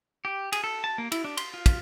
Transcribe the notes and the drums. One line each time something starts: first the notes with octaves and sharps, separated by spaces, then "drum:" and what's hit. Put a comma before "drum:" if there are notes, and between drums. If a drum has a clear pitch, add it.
G4
G#4, drum: cymbal
A4
A5
A#3
E4, drum: cymbal
D4
C6, drum: cymbal
F4
drum: kick, cymbal